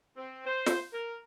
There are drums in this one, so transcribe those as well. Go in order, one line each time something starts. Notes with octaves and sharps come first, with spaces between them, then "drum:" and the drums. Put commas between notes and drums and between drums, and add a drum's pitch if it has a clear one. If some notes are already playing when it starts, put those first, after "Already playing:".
C4
C5
drum: snare
A#4